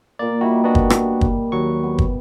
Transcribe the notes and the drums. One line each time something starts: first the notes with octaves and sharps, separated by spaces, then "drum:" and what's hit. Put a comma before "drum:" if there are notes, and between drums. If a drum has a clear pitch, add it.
A#2 A#3 D5
G3 D#4 E4 F#4 E5
A#3 B3 D4 F#4 E5
drum: kick
drum: rim click
drum: kick
D#2 F#3 C#6
B3
drum: kick